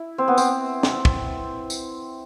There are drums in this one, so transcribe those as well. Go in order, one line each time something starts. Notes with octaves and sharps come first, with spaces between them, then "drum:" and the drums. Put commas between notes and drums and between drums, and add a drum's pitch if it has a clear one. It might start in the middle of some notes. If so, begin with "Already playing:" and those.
Already playing: E4
C4
B3
C4, drum: tambourine
drum: snare
drum: kick
drum: tambourine